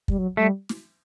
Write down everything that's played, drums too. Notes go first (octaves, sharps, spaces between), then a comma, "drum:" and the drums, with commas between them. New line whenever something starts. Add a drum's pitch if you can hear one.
G3, drum: kick
F#3
G3 A3
drum: snare